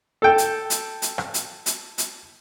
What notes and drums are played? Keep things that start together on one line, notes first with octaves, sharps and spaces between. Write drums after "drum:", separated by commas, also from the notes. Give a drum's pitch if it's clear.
A4 G5
drum: hi-hat
drum: hi-hat
drum: hi-hat
drum: rim click
drum: hi-hat
drum: hi-hat
drum: hi-hat